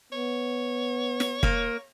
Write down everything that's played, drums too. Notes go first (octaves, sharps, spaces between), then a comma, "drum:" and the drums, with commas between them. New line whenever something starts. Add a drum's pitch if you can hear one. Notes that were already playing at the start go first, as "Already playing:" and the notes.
B3 C#5
drum: snare
A#3, drum: kick